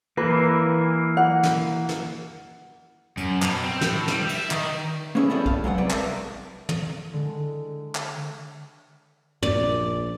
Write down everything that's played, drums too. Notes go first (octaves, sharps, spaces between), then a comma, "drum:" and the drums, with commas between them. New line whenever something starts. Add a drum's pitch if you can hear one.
E3 A#3 B4
F#5
drum: snare
drum: snare
F#2, drum: hi-hat
B2, drum: clap
C4
A2, drum: snare
G3, drum: snare
E5, drum: cymbal
D#3, drum: clap
A#3 B3 C#4 E4 G#4
G3 B3 C#4 E4 A4
F5, drum: kick
F#3 G#3 B3 D5 F#5
G#2 C3 G3 B4 D5
A#4 E5, drum: clap
drum: tom
D3 G#3
drum: clap
A#1 D5, drum: tom